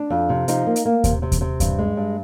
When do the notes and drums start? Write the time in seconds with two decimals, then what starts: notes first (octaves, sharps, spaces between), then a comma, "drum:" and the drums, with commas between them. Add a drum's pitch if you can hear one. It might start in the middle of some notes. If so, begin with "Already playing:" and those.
Already playing: D4
0.10 F2
0.29 C3
0.48 F3 D#4, drum: hi-hat
0.66 A#3
0.76 drum: hi-hat
0.85 A#3
1.04 C3, drum: kick D#2, hi-hat
1.22 C3
1.32 drum: kick D#2, hi-hat
1.41 C3
1.60 G2, drum: kick D#2, hi-hat
1.79 G#3
1.97 G2